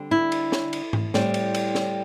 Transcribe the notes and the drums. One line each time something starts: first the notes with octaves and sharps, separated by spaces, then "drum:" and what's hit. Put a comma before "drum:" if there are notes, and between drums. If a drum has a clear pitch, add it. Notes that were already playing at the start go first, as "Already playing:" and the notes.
Already playing: D3 G3 C4
E4
drum: cymbal
drum: snare
drum: cymbal
drum: tom G#2
A2 G3 C4, drum: snare
drum: cymbal
drum: cymbal
drum: snare